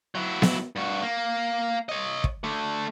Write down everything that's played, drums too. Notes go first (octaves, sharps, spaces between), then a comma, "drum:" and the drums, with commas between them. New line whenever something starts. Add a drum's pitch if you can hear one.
F#3 E4
drum: snare B3
G2 F#4
A#3
C#5 D#5
drum: kick
D3 A3